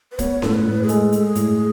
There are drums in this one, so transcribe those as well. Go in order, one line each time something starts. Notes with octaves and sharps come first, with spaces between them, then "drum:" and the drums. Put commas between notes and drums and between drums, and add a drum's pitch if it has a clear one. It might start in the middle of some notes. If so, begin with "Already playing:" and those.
B4
B3 C#5, drum: kick, hi-hat
A2 A4, drum: snare C#4
B4
A2
G#4
G#3 A4, drum: hi-hat
G#3, drum: hi-hat
G#4
A2, drum: hi-hat